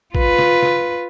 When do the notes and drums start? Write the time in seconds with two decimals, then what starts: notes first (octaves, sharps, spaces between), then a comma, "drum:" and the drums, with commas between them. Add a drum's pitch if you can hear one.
0.15 F4 B4, drum: kick
0.39 drum: snare
0.62 drum: snare